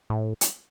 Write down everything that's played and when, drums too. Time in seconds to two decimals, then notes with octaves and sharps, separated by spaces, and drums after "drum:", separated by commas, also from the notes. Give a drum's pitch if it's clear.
0.10 A2
0.41 drum: hi-hat